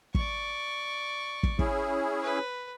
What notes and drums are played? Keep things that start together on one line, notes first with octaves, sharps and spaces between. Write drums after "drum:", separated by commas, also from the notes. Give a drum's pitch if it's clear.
D5 C#6, drum: kick
drum: kick
C#4 E4 G#4 C#5, drum: kick
B4